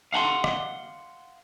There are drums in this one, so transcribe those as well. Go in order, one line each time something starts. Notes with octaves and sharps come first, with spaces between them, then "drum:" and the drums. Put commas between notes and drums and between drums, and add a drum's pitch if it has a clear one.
F5 F#5 G#5 C6
drum: rim click